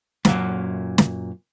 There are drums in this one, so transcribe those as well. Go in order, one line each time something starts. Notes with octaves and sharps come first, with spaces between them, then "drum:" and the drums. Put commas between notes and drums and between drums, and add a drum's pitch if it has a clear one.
F#2 A#2 F#3 A#3, drum: snare
drum: snare